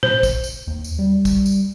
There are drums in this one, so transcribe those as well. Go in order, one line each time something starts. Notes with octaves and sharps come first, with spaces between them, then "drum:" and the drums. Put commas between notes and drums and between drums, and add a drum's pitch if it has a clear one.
C5, drum: tom
drum: kick, tambourine
drum: tambourine
D#2
drum: tambourine
G3
drum: kick, tambourine
drum: tambourine